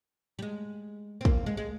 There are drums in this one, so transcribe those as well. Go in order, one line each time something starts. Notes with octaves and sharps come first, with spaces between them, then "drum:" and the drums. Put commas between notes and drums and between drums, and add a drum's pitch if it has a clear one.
G3
G#3
C4
A#3, drum: kick
G#3
G#3